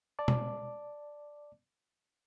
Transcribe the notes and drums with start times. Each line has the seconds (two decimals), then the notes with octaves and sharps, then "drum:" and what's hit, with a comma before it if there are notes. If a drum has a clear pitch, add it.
0.19 D5 A5 D6
0.28 drum: tom